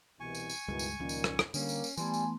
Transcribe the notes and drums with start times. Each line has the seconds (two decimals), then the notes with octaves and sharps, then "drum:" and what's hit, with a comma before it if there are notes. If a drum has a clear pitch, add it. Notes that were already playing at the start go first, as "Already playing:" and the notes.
0.20 C2 B2 E3 G#5 C#6
0.35 drum: tambourine
0.50 drum: tambourine
0.68 C#2 G2 B2 D#3 E3 G#3
0.79 drum: tambourine
1.00 C#2 A#2 D#3 F3 C#4
1.09 drum: tambourine
1.24 drum: rim click
1.39 drum: rim click
1.54 D3 G3 A#3 C#4, drum: tambourine
1.69 drum: tambourine
1.84 drum: tambourine
1.98 E3 G3 A3 B3 G#5 C6, drum: tambourine
2.14 drum: tambourine